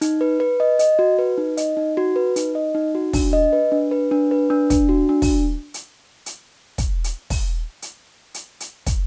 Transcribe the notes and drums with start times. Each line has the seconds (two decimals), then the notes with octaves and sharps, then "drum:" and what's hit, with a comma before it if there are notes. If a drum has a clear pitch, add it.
0.01 D#4, drum: hi-hat
0.21 B4
0.40 B4
0.60 D#5
0.79 D#5, drum: hi-hat
0.99 F#4
1.19 B4
1.38 D#4
1.57 D#5, drum: hi-hat
1.77 D#4
1.97 F#4
2.16 B4
2.36 D#4, drum: hi-hat
2.55 D#5
2.75 D#4
2.95 F#4
3.13 D4, drum: kick, open hi-hat
3.33 D#5
3.53 B4
3.72 D4
3.91 B4
4.11 D4
4.31 B4
4.50 D4
4.70 D4, drum: kick, hi-hat
4.89 F#4
5.09 D4
5.22 drum: kick, open hi-hat
5.74 drum: hi-hat
6.26 drum: hi-hat
6.78 drum: kick, hi-hat
7.04 drum: hi-hat
7.30 drum: kick, open hi-hat
7.82 drum: hi-hat
8.34 drum: hi-hat
8.60 drum: hi-hat
8.86 drum: kick, hi-hat